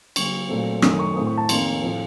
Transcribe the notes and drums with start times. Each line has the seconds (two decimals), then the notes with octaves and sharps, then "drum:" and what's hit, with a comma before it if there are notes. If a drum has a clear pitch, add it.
0.16 C#3 F#3 A#3 C#6, drum: cymbal
0.49 A#2 F#3 A3 C4
0.82 F#2 D#3 A3 C#4 D#6, drum: rim click
0.99 C#6
1.16 A2 A3 C4 D#6
1.27 C#6
1.37 A5
1.49 F2 D#3 A#3 C#4 C6, drum: cymbal
1.82 A2 F3 C4